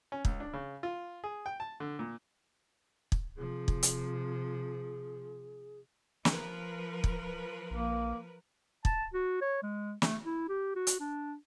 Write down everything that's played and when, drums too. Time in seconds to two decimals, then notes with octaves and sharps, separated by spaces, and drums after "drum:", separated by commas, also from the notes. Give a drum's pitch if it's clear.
0.12 C#4
0.25 C#2, drum: kick
0.40 D4
0.54 C#3
0.83 F4
1.24 G#4
1.46 G5
1.60 A5
1.80 D3
1.99 A#2
3.12 drum: kick
3.37 C3 F3 G#4
3.68 drum: kick
3.83 drum: hi-hat
6.25 F3 A#4 B4, drum: snare
7.04 drum: kick
7.71 A#1 A#3
8.85 A5, drum: kick
9.13 F#4
9.41 C#5
9.63 G#3
10.02 A3, drum: snare
10.25 E4
10.48 G4
10.75 F#4
10.87 drum: hi-hat
11.00 D4